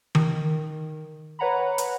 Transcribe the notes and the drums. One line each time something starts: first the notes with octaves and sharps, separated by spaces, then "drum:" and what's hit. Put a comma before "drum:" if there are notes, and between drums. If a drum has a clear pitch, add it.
D#3, drum: tom D#3
B4 C#5 F#5 A#5 B5
drum: hi-hat